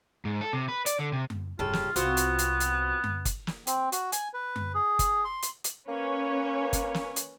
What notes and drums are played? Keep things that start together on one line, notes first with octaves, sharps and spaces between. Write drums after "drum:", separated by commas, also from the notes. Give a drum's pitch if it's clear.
G#2
A4
C3
B4
D5, drum: hi-hat
D3
C3
drum: tom F#2
F1 G2 C#3 F4 G4 A4
drum: snare
C2 B3 C4 F4 F#4, drum: hi-hat
drum: hi-hat
drum: hi-hat
drum: hi-hat
drum: tom F#2
drum: kick, hi-hat
drum: snare
C4, drum: hi-hat
F#4, drum: hi-hat
G#5, drum: hi-hat
B4
drum: tom F#2
G#4
drum: kick, hi-hat
C6
drum: hi-hat
drum: hi-hat
A#3 C#4 B4 C#5
drum: kick, hi-hat
drum: snare
drum: hi-hat